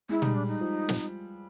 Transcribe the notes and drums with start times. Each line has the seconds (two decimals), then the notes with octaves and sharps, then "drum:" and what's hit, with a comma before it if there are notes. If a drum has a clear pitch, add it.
0.09 G#3 E4
0.22 G3 D#4, drum: tom
0.35 D4
0.47 D#4
0.61 F3
0.89 drum: snare